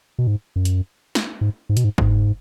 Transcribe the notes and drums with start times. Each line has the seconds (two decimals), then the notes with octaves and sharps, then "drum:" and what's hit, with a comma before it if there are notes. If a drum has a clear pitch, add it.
0.19 B2
0.27 G#2
0.56 F#2
0.65 drum: hi-hat
1.15 drum: snare
1.41 G#2
1.69 G#2
1.77 B2, drum: hi-hat
1.84 G#2
1.98 G#2, drum: kick F#1